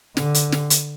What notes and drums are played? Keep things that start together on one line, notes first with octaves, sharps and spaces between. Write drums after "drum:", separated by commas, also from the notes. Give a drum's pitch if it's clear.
D3, drum: snare
drum: hi-hat
drum: snare
drum: hi-hat